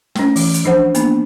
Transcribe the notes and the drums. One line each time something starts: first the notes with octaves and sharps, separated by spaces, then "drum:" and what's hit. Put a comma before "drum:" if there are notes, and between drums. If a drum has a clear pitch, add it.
A3 C#4, drum: snare
E3, drum: open hi-hat
drum: hi-hat
F3 D4 C5 F#5
A#3 B3 D4, drum: hi-hat